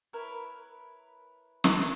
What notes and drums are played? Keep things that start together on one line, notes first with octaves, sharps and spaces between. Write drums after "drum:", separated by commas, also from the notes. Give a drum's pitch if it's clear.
E4 A#4 B4 C#5
drum: snare